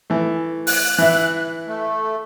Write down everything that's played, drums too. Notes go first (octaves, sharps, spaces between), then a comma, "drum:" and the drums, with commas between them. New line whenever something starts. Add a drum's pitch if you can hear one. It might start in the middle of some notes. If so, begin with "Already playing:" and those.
E3 A3
F#6, drum: open hi-hat
E3 E4
A3